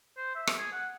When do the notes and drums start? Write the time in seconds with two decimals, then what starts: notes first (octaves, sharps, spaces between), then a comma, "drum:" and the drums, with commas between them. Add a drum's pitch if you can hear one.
0.17 C5
0.36 E5
0.47 drum: rim click
0.58 G#4
0.72 F#5